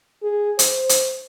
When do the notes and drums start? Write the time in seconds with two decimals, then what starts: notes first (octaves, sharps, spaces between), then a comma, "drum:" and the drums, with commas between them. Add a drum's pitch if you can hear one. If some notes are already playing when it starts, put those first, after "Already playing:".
0.23 G#4
0.59 C5, drum: hi-hat
0.89 drum: hi-hat